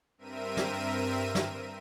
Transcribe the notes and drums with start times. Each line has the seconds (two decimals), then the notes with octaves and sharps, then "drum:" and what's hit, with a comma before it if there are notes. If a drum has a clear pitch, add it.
0.18 G2 C4 A#4 E5 D#7
0.57 drum: snare
1.35 drum: snare